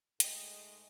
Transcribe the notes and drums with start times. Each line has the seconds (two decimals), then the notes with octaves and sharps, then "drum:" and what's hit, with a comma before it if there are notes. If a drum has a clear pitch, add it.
0.20 G#2 G#3 A3 D#5 G5, drum: hi-hat